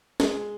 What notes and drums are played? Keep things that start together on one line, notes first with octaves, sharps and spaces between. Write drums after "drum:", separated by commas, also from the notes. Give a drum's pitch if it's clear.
G#3, drum: snare